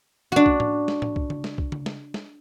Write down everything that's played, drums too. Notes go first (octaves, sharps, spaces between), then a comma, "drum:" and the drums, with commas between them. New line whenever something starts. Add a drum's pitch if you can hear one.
D4 F#4
drum: kick
drum: tom A2
drum: snare
drum: tom A2
drum: kick
drum: tom C#3
drum: snare
drum: kick
drum: tom C#3
drum: snare
drum: snare